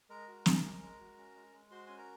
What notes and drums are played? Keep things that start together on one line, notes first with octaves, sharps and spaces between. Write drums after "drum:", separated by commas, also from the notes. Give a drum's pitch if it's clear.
G#3 A#4 A#5
F#4
C#4, drum: snare
G#3
G#3
F#4
C#4
G#3
G#3
F#4 C5 C6
C#4 G#5
A#4 A#5